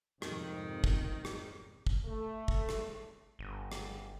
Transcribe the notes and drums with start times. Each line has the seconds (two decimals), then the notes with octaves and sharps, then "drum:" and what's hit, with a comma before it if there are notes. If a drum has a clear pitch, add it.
0.22 F2 G#2 C3 D#3, drum: rim click
0.84 drum: kick
1.25 drum: rim click
1.87 drum: kick
2.06 A3
2.48 drum: kick
2.69 drum: rim click
3.39 G1
3.72 drum: rim click